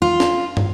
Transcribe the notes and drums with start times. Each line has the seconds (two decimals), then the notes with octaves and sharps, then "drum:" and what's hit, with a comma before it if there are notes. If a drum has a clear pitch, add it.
0.02 F4
0.20 drum: snare
0.57 drum: tom